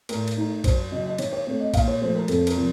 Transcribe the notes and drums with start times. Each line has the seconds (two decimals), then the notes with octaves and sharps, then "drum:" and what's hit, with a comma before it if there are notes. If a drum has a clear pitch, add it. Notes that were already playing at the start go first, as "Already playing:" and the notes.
0.09 A2 A#4, drum: cymbal
0.28 drum: cymbal
0.37 A3 D#4
0.64 F#2 C5, drum: kick B1, cymbal
0.91 C#3 F#3 D#5
1.05 D#5
1.18 D#3 C#5, drum: cymbal
1.33 C#5
1.47 A3 C4 C#5
1.60 D#5
1.74 A#2 F5, drum: kick B1, cymbal
1.88 C#5
2.01 F3 A3 C5
2.15 A#4
2.28 F2 A4, drum: cymbal
2.47 A#4, drum: cymbal
2.56 C3 F3